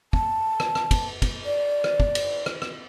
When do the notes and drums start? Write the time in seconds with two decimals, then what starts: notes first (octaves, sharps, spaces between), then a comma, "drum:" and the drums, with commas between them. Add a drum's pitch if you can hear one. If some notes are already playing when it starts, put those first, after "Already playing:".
0.13 A5, drum: kick
0.60 drum: rim click
0.75 drum: rim click
0.91 drum: kick, cymbal
1.22 drum: kick, cymbal
1.45 D5
1.84 drum: rim click
2.00 drum: kick
2.15 drum: cymbal
2.46 drum: rim click
2.62 drum: rim click